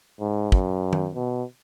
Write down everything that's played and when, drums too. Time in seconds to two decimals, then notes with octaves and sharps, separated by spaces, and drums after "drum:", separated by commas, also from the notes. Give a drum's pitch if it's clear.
0.21 G#2
0.52 F#2, drum: kick
0.93 drum: tom D#3
1.15 B2